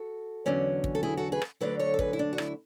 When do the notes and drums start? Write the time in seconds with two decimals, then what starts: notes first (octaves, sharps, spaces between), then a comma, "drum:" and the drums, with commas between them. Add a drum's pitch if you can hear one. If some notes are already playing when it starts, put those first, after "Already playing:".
Already playing: F#4 A4
0.46 E2 D3 F#3 C#4
0.84 drum: kick
0.95 A4
1.03 E4 G#4
1.17 F#4 A4
1.32 G#4 B4
1.42 drum: rim click
1.61 D2 D3 F#3 B4 D5
1.79 A4 C#5
1.94 A4
1.99 G#4 B4, drum: kick
2.13 E4
2.19 D4
2.33 F#4
2.38 E4, drum: rim click